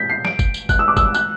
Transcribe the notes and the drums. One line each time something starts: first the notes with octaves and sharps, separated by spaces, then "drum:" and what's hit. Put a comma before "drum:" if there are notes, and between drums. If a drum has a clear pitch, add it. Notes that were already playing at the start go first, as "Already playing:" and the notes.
Already playing: G6 B6
C7
D7, drum: snare
drum: kick F#1, tambourine
drum: tambourine
F#6, drum: kick F#1, tambourine
E6
D6
E6, drum: kick F#1, tambourine
F#6, drum: tambourine